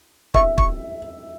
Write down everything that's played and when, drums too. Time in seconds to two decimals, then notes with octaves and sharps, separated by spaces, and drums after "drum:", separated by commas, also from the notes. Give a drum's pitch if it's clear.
0.34 E5 C#6, drum: kick
0.58 C#6, drum: kick